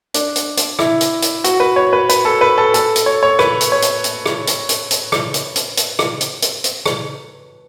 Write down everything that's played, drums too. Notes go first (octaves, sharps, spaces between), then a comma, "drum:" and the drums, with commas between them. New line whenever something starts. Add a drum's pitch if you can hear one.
D4, drum: hi-hat
drum: hi-hat
drum: hi-hat
E4, drum: rim click
drum: hi-hat
drum: hi-hat
F#4, drum: hi-hat
B4
C#5
B4
B4, drum: hi-hat
A4
B4
A4
A4, drum: hi-hat
drum: hi-hat
C#5
C#5
B4, drum: rim click
drum: hi-hat
C#5
drum: hi-hat
drum: hi-hat
drum: rim click
drum: hi-hat
drum: hi-hat
drum: hi-hat
drum: rim click
drum: hi-hat
drum: hi-hat
drum: hi-hat
drum: rim click
drum: hi-hat
drum: hi-hat
drum: hi-hat
drum: rim click